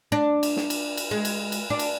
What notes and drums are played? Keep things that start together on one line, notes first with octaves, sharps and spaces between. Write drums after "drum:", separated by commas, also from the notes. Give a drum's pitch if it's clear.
D4
drum: cymbal
drum: snare
drum: cymbal
drum: cymbal
G#3
drum: cymbal
drum: cymbal
D4
drum: cymbal